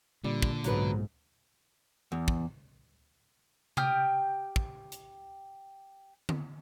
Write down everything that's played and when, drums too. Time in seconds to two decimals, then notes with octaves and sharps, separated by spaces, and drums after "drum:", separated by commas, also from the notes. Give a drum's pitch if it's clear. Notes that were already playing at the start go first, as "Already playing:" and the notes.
0.24 A#2 D3 G3
0.42 drum: kick
0.64 B1 G#2 F#3 B4, drum: hi-hat
2.12 E2
2.28 drum: kick
3.77 G4 G5 D#6 F6, drum: tom C3
4.56 drum: kick
4.92 drum: hi-hat
6.29 drum: tom D3